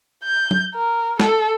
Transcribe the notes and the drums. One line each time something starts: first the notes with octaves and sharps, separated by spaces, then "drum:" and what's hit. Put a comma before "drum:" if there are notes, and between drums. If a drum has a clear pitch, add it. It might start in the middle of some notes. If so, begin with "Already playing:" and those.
G6
drum: tom F#3
A#4
A4, drum: snare